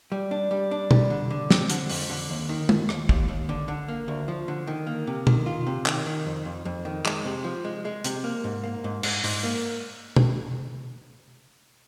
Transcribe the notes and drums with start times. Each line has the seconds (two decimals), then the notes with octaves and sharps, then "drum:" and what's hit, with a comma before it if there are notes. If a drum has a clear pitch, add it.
0.12 G3
0.31 D4
0.51 G3
0.71 D4
0.91 G3, drum: tom
1.10 D3
1.30 D3
1.51 C4, drum: snare
1.70 D3, drum: hi-hat
1.89 F2, drum: open hi-hat
2.10 D3
2.30 D#2
2.49 D#3
2.69 D#2, drum: tom
2.89 D#2, drum: rim click
3.09 D#2, drum: kick
3.28 D#2
3.49 D3
3.68 D3
3.88 A#3
4.08 D2
4.28 F3
4.48 D3
4.67 D#3
4.87 A#3
5.07 C3
5.27 D#3, drum: tom
5.46 F4
5.67 C3
5.86 D#3, drum: clap
6.06 D#3
6.26 F2
6.45 F2
6.65 F2
6.85 D#3
7.05 G#3, drum: clap
7.25 C3
7.44 F3
7.65 G#3
7.85 G#3
8.04 C3, drum: hi-hat
8.24 A#3
8.44 G#2
8.64 A#3
8.84 G#2
9.03 G#2, drum: cymbal
9.24 G#2, drum: open hi-hat
9.43 A#3
10.16 drum: tom